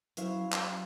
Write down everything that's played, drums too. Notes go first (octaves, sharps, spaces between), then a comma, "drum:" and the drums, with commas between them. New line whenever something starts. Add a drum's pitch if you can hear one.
F#3 C#4 E4 C5 E5 F5, drum: hi-hat
drum: clap